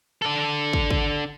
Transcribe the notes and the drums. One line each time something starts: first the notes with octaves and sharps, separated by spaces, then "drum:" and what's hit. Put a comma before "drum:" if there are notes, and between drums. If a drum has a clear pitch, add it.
D4 A4
drum: kick
drum: kick